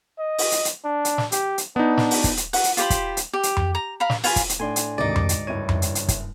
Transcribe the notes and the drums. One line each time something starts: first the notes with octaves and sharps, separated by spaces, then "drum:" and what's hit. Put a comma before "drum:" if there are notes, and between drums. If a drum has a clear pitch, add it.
D#5
drum: open hi-hat
drum: hi-hat
drum: hi-hat
D4
drum: hi-hat
drum: snare
G4, drum: hi-hat
drum: hi-hat
B3 D4 D#4
drum: snare
drum: open hi-hat
drum: kick, hi-hat
drum: hi-hat
F#5, drum: open hi-hat
drum: hi-hat
F4 G4 C5 B5, drum: hi-hat
drum: kick, hi-hat
drum: hi-hat
G4
drum: hi-hat
drum: tom F2
A#5
F5 A#5 B5
drum: snare
F4 F5 G#5 B5, drum: open hi-hat
drum: kick, hi-hat
drum: hi-hat
A2 D4 G#5 C6
drum: hi-hat
D2 G#2 C3 D#3 D#4 D5 D6
drum: tom F2
drum: hi-hat
F#1 G2 E4 C#5 D#7
drum: tom F2
drum: hi-hat
drum: hi-hat
drum: kick, hi-hat